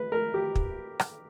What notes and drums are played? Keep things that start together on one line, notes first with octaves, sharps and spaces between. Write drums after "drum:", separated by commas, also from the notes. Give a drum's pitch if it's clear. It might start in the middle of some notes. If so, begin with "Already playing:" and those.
Already playing: B4
A#4
G4
drum: kick
drum: rim click